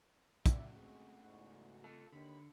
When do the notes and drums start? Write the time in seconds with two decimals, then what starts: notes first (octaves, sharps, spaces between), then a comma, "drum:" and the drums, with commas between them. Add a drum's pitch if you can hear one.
0.46 C#3 A3 F#4 D5 E5, drum: kick, hi-hat
0.76 G#3 C4
1.24 E2 G#2 F#4
1.84 F4 A4 F5 A5
2.12 D#2 D3 B5